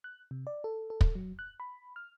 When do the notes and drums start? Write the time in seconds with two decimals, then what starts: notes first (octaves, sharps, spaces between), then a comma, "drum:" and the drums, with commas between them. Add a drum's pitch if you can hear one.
0.04 F#6
0.31 C3
0.47 D5
0.64 A4
0.90 A4
1.01 drum: kick
1.15 F#3
1.39 F#6
1.60 B5
1.96 F6